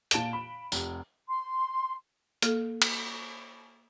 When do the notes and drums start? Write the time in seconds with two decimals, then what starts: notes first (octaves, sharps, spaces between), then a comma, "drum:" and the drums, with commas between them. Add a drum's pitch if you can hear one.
0.11 A#2 A5 D7 E7 G7, drum: hi-hat
0.33 B5
0.72 F1, drum: tambourine
1.28 C6
2.42 A#3 A4, drum: hi-hat
2.82 drum: cymbal